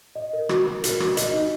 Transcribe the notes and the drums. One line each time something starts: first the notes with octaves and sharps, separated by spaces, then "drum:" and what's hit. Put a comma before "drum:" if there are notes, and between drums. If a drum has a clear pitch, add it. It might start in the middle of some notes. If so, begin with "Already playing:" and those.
D#5
A#4
F#4, drum: rim click
F#4
A#4, drum: hi-hat
F#4, drum: rim click
D#5, drum: hi-hat
D#4